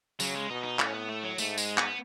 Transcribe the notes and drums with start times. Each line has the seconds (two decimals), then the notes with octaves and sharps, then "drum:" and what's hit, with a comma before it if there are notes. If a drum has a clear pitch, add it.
0.20 C#3 F#3, drum: tambourine
0.35 G#3
0.50 B2 D#4
0.64 D#4
0.79 A2 C#4, drum: clap
0.93 B3
1.09 A3
1.23 F#3
1.38 G#2 A3, drum: tambourine
1.58 G#3, drum: tambourine
1.78 B3, drum: clap